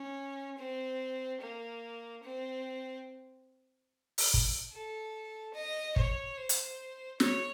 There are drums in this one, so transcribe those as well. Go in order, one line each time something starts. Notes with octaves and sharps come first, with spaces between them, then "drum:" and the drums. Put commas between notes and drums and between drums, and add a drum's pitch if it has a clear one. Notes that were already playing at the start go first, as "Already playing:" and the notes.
Already playing: C#4
C4
A#3
C4
drum: open hi-hat
drum: kick
A4
D#5
C#5, drum: kick
C5
drum: hi-hat
C#5, drum: snare